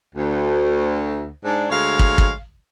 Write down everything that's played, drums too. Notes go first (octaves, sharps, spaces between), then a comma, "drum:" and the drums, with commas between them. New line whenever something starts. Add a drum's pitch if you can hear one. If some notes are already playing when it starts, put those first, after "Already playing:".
D2
G#2 D4
D2 G#3 C#5 F5
drum: kick
drum: kick